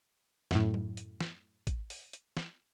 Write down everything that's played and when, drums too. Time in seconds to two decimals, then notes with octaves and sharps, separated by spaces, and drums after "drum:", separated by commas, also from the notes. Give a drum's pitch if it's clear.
0.51 F#2 A2, drum: snare
0.74 drum: tom F#3
0.97 drum: hi-hat
1.21 drum: snare
1.67 drum: kick A1, hi-hat
1.90 drum: open hi-hat
2.13 drum: hi-hat
2.37 drum: snare